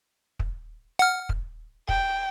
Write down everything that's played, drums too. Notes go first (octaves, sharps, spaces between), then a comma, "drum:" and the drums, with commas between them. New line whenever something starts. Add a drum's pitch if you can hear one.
drum: kick
F#5 F6
drum: kick
G5, drum: kick